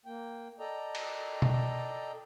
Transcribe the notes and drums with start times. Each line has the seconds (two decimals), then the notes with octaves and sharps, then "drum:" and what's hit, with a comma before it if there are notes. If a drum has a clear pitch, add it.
0.06 A#3 G5
0.60 A4 D5 D#5 G5 A#5
0.95 drum: cymbal
1.42 drum: tom B2